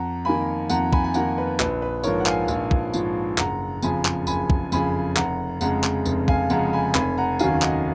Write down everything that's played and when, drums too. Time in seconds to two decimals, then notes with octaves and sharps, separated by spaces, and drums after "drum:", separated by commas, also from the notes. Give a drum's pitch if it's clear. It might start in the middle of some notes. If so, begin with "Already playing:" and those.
Already playing: F2 F#5 A#5
0.25 D#3 A#3 G#5 B5
0.70 F2 F#5 A#5, drum: tambourine
0.93 G#5 B5, drum: kick
1.04 G#5
1.14 D#3 A#3 F#5 A#5, drum: tambourine
1.38 B4
1.60 A#1 B4, drum: clap
1.82 B4
2.04 G#2 F3 A#4 C#5, drum: tambourine
2.20 F#5
2.26 F5 G#5, drum: clap
2.48 A#1, drum: tambourine
2.71 drum: kick
2.94 G#2 F3, drum: tambourine
3.38 F#1 F#5 A#5, drum: clap
3.83 F2 C#3 F3 G#5 B5, drum: tambourine
4.05 drum: clap
4.27 F#1 G#5 B5, drum: tambourine
4.50 drum: kick
4.72 F2 C#3 F3 G#5 B5, drum: tambourine
5.16 F1 F#5 A#5, drum: clap
5.61 F2 C#3 G#3 F#5 A#5, drum: tambourine
5.84 drum: clap
6.06 F1, drum: tambourine
6.28 F5 G#5, drum: kick
6.50 F2 C#3 G#3 F#5 A#5, drum: tambourine
6.73 G#5 B5
6.95 F1 G#5 B5, drum: clap
7.18 F#5 A#5
7.39 D#2 D#3 F#3 C#4 F5 G#5, drum: tambourine
7.62 D#5 F#5, drum: clap